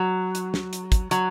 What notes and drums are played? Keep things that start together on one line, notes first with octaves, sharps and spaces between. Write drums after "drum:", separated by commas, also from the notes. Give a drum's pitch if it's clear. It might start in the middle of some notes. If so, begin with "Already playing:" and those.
Already playing: F#3
drum: hi-hat
drum: snare
drum: hi-hat
drum: kick, hi-hat
F#3, drum: hi-hat